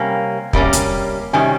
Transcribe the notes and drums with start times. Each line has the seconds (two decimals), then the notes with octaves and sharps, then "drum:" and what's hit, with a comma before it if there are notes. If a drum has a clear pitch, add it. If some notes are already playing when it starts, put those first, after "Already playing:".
Already playing: C3 G3 A#3 C#4 G#5
0.53 C3 G3 A#3 C#4, drum: kick
0.73 drum: hi-hat
1.33 C3 D#3 G3 C#4 G#5